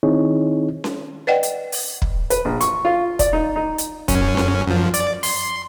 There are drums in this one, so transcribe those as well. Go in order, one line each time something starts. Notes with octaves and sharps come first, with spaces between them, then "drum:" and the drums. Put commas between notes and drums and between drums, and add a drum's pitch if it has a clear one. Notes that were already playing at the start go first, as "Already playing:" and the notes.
D#3 C4 D#4 E4 G#4 C#5
drum: snare C#4
B4 D5 D#5 F#5 G5
drum: hi-hat
drum: open hi-hat
drum: kick
B4, drum: hi-hat
A#1
C#6, drum: hi-hat
F4
D5, drum: kick, hi-hat
D#4
D#4
drum: hi-hat
F#2 C#4, drum: kick, hi-hat
drum: snare C#4
F#2 F3
D5, drum: hi-hat
C6, drum: open hi-hat